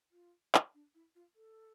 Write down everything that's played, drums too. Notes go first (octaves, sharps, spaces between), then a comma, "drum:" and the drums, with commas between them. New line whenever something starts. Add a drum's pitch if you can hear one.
F4
drum: clap
D4
E4
F4
A4